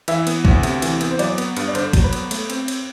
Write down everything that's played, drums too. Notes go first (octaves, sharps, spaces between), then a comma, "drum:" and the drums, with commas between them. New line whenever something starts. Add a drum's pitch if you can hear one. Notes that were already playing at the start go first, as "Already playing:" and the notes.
E3 E5, drum: cymbal
B3, drum: cymbal
D2, drum: kick
C3, drum: cymbal
E3, drum: cymbal
B3, drum: cymbal
C5
F#3 D5, drum: cymbal
B3, drum: cymbal
G2, drum: cymbal
D5
D3 C5, drum: cymbal
F#3, drum: kick, cymbal
B4
B3, drum: cymbal
A3, drum: cymbal
C4, drum: cymbal
drum: cymbal